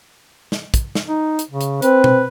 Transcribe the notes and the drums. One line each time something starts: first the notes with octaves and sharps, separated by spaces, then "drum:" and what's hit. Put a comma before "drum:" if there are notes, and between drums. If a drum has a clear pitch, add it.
drum: snare
drum: kick, hi-hat
drum: snare
D#4
drum: hi-hat
C#3
drum: hi-hat
C4 B4, drum: hi-hat
drum: tom B2